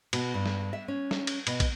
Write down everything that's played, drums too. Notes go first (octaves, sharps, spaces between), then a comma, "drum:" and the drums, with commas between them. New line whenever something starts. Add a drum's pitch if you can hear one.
B2, drum: cymbal
G2
drum: snare
E5
C#4
drum: snare
drum: cymbal
B2, drum: cymbal
drum: kick, cymbal